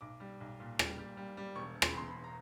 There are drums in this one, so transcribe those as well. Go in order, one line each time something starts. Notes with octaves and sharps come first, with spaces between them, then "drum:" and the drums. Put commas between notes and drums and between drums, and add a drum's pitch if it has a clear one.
B1 D6
G3
B1
A#2
G3, drum: rim click
G3
G3
G3
E1 C#6
E1
C6, drum: rim click
B5
E2 C6
B5
E1
A#5